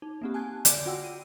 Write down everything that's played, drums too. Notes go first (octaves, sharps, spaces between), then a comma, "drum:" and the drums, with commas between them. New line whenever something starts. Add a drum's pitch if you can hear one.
D#4
A#3 C4 G4
G#5 A5 F#6 G#6
D3 D5 D6 G6 D7, drum: hi-hat
F4 F#4 F#5 G5 E6
D#7